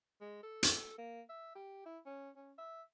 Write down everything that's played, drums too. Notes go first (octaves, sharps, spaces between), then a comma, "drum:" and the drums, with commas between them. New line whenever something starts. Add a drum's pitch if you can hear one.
G#3
A4
drum: hi-hat
A#3
E5
G4
E4
C#4
C#4
E5